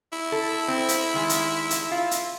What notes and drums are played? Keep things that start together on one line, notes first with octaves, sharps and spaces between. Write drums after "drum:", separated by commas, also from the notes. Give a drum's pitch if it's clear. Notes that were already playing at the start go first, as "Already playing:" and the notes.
E4
A4
C4
drum: hi-hat
D#3 G#3
drum: hi-hat
drum: hi-hat
F4
drum: hi-hat